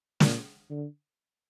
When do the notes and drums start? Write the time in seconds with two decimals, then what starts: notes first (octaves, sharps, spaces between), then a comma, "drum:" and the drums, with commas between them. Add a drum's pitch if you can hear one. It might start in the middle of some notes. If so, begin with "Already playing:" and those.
0.20 A#2, drum: snare
0.70 D3